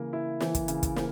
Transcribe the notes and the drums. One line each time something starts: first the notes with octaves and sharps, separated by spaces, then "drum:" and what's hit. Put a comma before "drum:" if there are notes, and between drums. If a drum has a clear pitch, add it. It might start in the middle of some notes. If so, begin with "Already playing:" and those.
Already playing: C#3 E3 A#3
E4
E3, drum: snare
drum: kick, hi-hat
C#3, drum: hi-hat
drum: kick, hi-hat
A#3, drum: snare